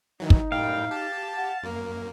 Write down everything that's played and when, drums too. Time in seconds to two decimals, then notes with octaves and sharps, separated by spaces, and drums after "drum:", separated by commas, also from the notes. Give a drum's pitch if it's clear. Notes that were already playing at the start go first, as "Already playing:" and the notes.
0.20 D#3 E3 F#3 D#4
0.30 drum: kick
0.52 F#2 A2 G3 F5 G5
0.91 G4 A5
1.36 F#5
1.63 F#2 A#3 A#4